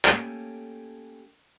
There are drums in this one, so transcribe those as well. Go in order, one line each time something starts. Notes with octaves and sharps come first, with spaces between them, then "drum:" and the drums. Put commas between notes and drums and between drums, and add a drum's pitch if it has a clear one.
A3 A#3 C#4 G4 A4, drum: clap